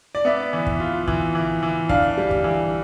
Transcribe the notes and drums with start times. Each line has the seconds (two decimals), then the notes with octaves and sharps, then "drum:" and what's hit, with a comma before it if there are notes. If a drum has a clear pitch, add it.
0.15 D5
0.25 B3 E5
0.53 E3
0.67 drum: kick
0.80 F4
1.08 E3, drum: kick
1.35 E3
1.63 E3
1.89 D4 F5, drum: kick
2.17 G3
2.31 drum: kick
2.44 E3